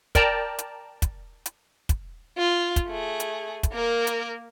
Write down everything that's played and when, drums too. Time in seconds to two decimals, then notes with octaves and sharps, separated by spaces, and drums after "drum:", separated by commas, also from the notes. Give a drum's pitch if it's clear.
0.15 A#4 D5 G5 A5 A#5, drum: kick, hi-hat
0.59 drum: hi-hat
1.02 drum: kick, hi-hat
1.46 drum: hi-hat
1.89 drum: kick, hi-hat
2.38 F4
2.76 drum: kick, hi-hat
2.87 A3 G#4
3.20 drum: hi-hat
3.63 drum: kick, hi-hat
3.73 A#3 A#4
4.07 drum: hi-hat